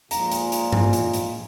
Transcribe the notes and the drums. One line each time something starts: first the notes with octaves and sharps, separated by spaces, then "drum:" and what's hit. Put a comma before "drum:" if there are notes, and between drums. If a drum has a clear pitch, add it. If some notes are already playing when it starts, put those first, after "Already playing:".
A#2 F3 G#3 F4 G#4 A#5, drum: hi-hat
drum: hi-hat
drum: hi-hat
drum: tom G2
drum: hi-hat
drum: hi-hat